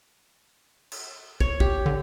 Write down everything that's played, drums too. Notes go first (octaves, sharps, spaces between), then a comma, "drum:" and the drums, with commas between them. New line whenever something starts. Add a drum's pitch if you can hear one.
drum: cymbal
C#5, drum: kick
G4, drum: kick
D3